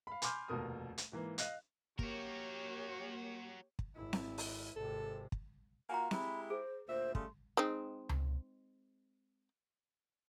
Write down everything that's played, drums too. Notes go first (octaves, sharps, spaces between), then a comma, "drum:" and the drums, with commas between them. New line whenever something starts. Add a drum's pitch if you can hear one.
F5 B5
G#5 B5 C6 D6 F6 G6, drum: hi-hat
F1 D#2 B2 A#4 A5 D#6
drum: hi-hat
G#2 E3 A#3
D#5 F5 F#6, drum: hi-hat
A#3 F#4 G4 A#4 C#5, drum: kick
drum: kick
G#1 E4
drum: snare C4
drum: open hi-hat
G#1 C3 A4
drum: kick
A#3 F4 F#4 G#5 A#5
G#3 E4 G4 B5, drum: snare C4
G#4 C5
D2 A#2 C5 E5
C#3 G3 A3 C6, drum: kick
G#3 C4 D#4
drum: tom C#2